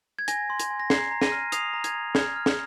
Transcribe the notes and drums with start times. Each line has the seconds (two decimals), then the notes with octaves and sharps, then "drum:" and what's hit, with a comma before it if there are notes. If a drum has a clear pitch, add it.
0.19 G#6
0.28 G#5 A#6, drum: hi-hat
0.50 C6
0.60 drum: hi-hat
0.70 G#5
0.80 A#6
0.90 A#5 G#6 C7, drum: snare
1.11 A#5
1.22 A#6 D#7, drum: snare
1.32 F6
1.52 D#6 C7 F7, drum: hi-hat
1.73 A#5
1.84 G#6, drum: hi-hat
1.95 A#5
2.15 F6 G#6, drum: snare
2.36 F6
2.46 drum: snare